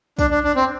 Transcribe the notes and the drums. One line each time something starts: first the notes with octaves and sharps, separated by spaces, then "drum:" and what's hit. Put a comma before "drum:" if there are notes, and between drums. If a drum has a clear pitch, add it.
D4, drum: kick, tambourine
D4
D4
C4